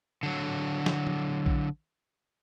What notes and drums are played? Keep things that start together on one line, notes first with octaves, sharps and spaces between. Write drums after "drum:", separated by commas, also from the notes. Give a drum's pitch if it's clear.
D3 F#3
drum: snare
drum: tom F3
drum: kick A#1